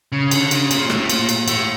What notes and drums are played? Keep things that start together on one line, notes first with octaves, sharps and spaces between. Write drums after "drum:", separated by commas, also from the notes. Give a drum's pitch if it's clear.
C#3
D3, drum: cymbal
C#3, drum: cymbal
A#2, drum: cymbal
A2, drum: rim click
A#2, drum: cymbal
drum: cymbal
A2, drum: cymbal